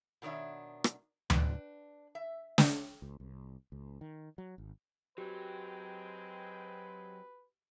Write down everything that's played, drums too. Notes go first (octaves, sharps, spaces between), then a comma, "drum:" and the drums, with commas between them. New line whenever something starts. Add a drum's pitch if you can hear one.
B2 D#3 D4 C#5 E5
drum: rim click
D4 B4 G5, drum: tom D2
E5
drum: snare
C#2
C2
C#2
D#3
F#3
G#1
F#3 G#3 C4 F#4 G4 B4